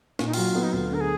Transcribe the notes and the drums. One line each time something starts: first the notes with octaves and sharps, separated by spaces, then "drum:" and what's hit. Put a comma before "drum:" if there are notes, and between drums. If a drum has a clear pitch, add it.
A#2 F4, drum: snare
D#4
F#3 F4, drum: cymbal
B3
D#4
D2 F4
D3 A#4
G#4